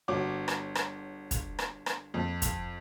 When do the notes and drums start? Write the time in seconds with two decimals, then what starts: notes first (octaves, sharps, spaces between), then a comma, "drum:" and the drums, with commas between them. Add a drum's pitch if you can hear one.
0.08 G1 F#4 C#5 D6
0.48 drum: rim click
0.75 drum: rim click
1.31 drum: kick, hi-hat
1.59 drum: rim click
1.86 drum: rim click
2.14 F2
2.42 drum: kick, hi-hat